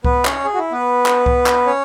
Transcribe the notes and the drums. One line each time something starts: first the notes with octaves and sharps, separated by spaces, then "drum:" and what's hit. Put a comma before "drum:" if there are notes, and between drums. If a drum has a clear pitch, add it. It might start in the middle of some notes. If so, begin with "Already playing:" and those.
B3 B4, drum: kick C2
C#4 C#5, drum: clap
G#4
F#4
E4
B3 B4
drum: clap
drum: kick C2
drum: clap
C#4 C#5